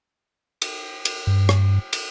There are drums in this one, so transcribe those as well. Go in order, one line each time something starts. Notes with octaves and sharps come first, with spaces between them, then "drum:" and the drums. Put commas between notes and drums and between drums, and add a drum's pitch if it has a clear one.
drum: cymbal
drum: cymbal
G2
drum: rim click
drum: cymbal